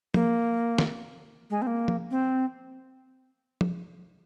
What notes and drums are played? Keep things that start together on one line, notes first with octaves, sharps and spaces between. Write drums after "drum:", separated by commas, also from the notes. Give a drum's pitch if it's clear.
A#3, drum: tom F3
drum: snare
G#3
C4
A#3
drum: tom F3
C4
drum: tom F3